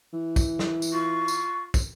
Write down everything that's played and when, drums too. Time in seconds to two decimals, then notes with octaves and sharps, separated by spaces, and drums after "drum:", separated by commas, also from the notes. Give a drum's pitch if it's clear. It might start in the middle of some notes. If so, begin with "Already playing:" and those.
0.13 E3
0.36 drum: kick, tambourine
0.59 drum: snare
0.82 drum: tambourine
0.93 F4 C#6
1.28 drum: tambourine
1.74 drum: kick, tambourine